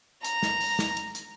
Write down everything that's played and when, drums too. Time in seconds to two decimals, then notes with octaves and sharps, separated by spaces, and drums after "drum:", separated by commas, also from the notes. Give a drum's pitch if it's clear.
0.25 A#5, drum: hi-hat
0.43 drum: snare
0.61 drum: open hi-hat
0.79 drum: snare
0.97 drum: hi-hat
1.15 drum: hi-hat